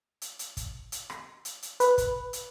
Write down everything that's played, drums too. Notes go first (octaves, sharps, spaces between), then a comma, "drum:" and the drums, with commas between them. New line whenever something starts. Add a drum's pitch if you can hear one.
drum: hi-hat
drum: hi-hat
drum: kick, hi-hat
drum: hi-hat
drum: rim click
drum: hi-hat
drum: hi-hat
B4, drum: hi-hat
drum: kick, hi-hat
drum: hi-hat